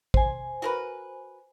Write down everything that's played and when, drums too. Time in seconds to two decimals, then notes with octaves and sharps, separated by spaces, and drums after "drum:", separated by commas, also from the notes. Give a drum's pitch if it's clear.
0.14 C5 G#5, drum: kick
0.62 F#4 A#4 B4